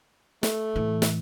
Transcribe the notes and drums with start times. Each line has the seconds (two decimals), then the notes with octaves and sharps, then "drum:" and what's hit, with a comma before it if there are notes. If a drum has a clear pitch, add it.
0.43 A3, drum: snare
0.76 A2 E3
1.02 drum: snare